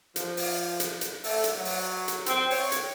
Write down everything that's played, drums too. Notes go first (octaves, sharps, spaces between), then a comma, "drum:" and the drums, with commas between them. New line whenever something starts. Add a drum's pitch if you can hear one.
F3, drum: hi-hat
drum: open hi-hat
drum: hi-hat
drum: hi-hat
A3, drum: open hi-hat
drum: hi-hat
F#3
drum: open hi-hat
drum: hi-hat
C4, drum: hi-hat
C#5, drum: open hi-hat
drum: hi-hat